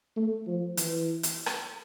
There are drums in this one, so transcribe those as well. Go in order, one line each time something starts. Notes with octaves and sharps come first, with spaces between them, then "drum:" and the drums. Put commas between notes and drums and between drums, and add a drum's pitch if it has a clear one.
A3
F3
E3, drum: hi-hat
drum: hi-hat
drum: rim click